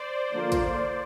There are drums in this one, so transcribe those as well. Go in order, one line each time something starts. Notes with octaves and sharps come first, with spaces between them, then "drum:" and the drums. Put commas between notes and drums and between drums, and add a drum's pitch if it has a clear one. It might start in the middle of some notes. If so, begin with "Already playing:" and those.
Already playing: C5 D5
D3 F3 A#3 F4 A#4
drum: kick, hi-hat